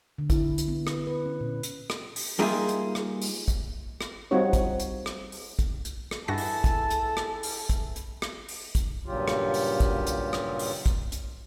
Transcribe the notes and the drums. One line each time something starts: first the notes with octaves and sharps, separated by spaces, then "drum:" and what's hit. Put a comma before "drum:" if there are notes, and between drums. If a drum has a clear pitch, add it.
D3
E4, drum: kick, hi-hat
drum: hi-hat
B3
B4, drum: rim click
B4
C#4
A#2
drum: hi-hat
drum: rim click
drum: open hi-hat
G3 A#3 D#4 F4 G#4 E5
drum: hi-hat
drum: rim click
drum: open hi-hat
drum: kick, hi-hat
drum: rim click
G3 C4 D#4 F4 F#4 C#5
drum: kick, hi-hat
drum: hi-hat
drum: rim click
drum: open hi-hat
drum: kick, hi-hat
drum: hi-hat
drum: rim click
G2 E3 F#4 G#4 A4 E5 A5 A#6
drum: open hi-hat
drum: kick, hi-hat
drum: hi-hat
drum: rim click
drum: open hi-hat
drum: kick, hi-hat
drum: hi-hat
drum: rim click
drum: open hi-hat
drum: kick, hi-hat
G2 A#2 C#3 F#3 F4 G4
drum: rim click
drum: open hi-hat
drum: kick, hi-hat
drum: hi-hat
drum: rim click
drum: open hi-hat
drum: kick, hi-hat
drum: hi-hat